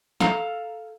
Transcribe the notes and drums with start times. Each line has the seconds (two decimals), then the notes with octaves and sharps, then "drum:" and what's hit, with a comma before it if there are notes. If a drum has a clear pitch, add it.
0.20 A4 F5 A#5, drum: snare